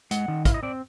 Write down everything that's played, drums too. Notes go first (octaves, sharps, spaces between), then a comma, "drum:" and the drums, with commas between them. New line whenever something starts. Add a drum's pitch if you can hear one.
G#3 F#5, drum: hi-hat
D#3
E4 F5, drum: kick, hi-hat
D#5
C4 D5